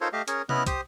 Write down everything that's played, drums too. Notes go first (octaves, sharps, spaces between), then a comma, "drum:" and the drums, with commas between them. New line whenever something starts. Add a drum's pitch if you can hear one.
D#4 F4 A4 A#4 C5 C#5
A3 G4 D#5 F5
C#4 G#4 A#4 C#5, drum: hi-hat
B3 C#4 E4 D#5 F6 F#6, drum: tom C3
G4 C5 D#6, drum: kick, hi-hat